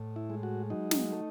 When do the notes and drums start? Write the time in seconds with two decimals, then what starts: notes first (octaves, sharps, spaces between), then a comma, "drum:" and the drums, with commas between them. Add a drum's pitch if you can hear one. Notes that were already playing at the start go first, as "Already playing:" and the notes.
Already playing: A2
0.16 E4
0.30 G#3
0.43 F#4
0.70 F#3 D#4
0.91 drum: snare
1.12 A3